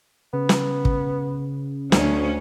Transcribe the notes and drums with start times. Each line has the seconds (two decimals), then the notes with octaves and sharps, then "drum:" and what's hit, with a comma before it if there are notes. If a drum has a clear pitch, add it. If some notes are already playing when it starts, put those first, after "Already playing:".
0.33 C#3 B3
0.49 drum: snare
0.85 drum: kick
1.92 D2 D3 C#4, drum: snare